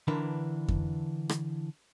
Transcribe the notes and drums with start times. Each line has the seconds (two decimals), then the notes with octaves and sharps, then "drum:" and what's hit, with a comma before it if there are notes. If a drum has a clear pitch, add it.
0.08 D3 E3 D4 A#4 B4
0.68 drum: kick F2
1.29 drum: rim click